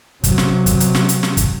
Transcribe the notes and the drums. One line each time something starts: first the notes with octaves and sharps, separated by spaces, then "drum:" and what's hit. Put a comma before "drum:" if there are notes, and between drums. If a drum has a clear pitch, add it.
C3 F#3, drum: kick, hi-hat
drum: snare
drum: kick, hi-hat
drum: hi-hat
drum: snare
drum: hi-hat
drum: snare
drum: kick, hi-hat